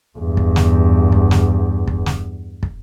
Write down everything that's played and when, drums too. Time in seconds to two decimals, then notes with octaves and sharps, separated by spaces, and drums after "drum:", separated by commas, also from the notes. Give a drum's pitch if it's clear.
0.18 E2 G2
0.37 drum: kick
0.56 drum: snare
1.12 drum: kick
1.31 drum: snare
1.87 drum: kick
2.06 drum: snare
2.63 drum: kick